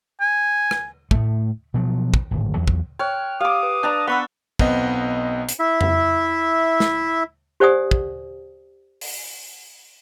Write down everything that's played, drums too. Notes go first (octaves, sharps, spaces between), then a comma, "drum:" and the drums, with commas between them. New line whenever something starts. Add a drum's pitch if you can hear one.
G#5
drum: rim click
A2 A3, drum: kick
B2 F3 F#3
drum: kick
D1 G#1
E2 F#3
drum: kick
C#5 G5 F6 F#6
G4 F5 D6 D#6
B4
D4 A5 A#5
B3 B4 F#5 C#6 E6
B1 B3 C4 D#5, drum: kick
drum: hi-hat
E4 E5
drum: tom F2
drum: snare
G4 C5 D5 F#5 G#5 D#6
drum: kick
drum: open hi-hat